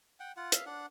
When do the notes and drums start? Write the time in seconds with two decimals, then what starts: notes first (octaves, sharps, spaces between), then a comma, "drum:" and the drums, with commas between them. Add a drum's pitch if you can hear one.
0.20 F#5 G5
0.37 F4 F#5
0.52 E5 F5, drum: hi-hat
0.66 D4 F#5